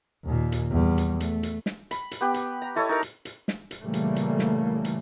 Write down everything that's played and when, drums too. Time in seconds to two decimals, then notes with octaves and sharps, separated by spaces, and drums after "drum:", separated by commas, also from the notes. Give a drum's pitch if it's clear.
0.25 D#2 A#2
0.52 drum: hi-hat
0.72 E2 G3
0.98 drum: hi-hat
1.20 A3, drum: hi-hat
1.43 drum: hi-hat
1.66 drum: snare
1.91 B5, drum: hi-hat
2.11 drum: hi-hat
2.21 B3 G4
2.34 drum: hi-hat
2.62 A#5
2.76 E4 A4 C#5 D#5
2.89 D#4 A#4 A#5
3.02 drum: hi-hat
3.25 drum: hi-hat
3.48 drum: snare
3.71 drum: hi-hat
3.82 A#2 C#3 E3 G3 A3 A#3
3.93 drum: hi-hat
4.16 drum: hi-hat
4.39 drum: snare
4.85 drum: hi-hat